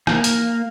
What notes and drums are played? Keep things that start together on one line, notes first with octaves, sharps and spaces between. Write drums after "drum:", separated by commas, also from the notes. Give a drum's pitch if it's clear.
A#3, drum: rim click
drum: hi-hat